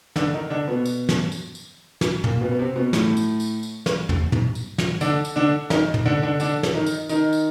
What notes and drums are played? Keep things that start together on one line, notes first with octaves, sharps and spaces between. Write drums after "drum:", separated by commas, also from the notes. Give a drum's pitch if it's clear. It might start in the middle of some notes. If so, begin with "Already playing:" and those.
D3 D4, drum: snare
D#3 D#4
D3 D4
B2 B3
drum: tambourine
drum: snare
drum: tambourine
drum: tambourine
drum: snare
A#2 A#3, drum: tom
B2 B3
B3
C3 C4
B2 B3
A2 A3, drum: snare
drum: tambourine
drum: tambourine
drum: tambourine
drum: snare
drum: tom
drum: tom
drum: tambourine
drum: snare
D3 D4, drum: tambourine
drum: tambourine
D3 D4
D#3 D#4, drum: snare
drum: tom
D3 D4
D3 D4
D3 D4, drum: tambourine
drum: snare
D#3 D#4
drum: tambourine
D#3 D#4, drum: tambourine
drum: tambourine